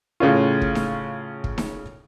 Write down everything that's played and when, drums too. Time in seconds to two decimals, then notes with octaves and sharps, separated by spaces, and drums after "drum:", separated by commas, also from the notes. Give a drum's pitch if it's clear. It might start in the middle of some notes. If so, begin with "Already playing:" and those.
0.20 A2 C#3 C#4 F4
0.62 drum: kick
0.75 drum: snare D#4
1.44 drum: kick
1.58 drum: snare D#4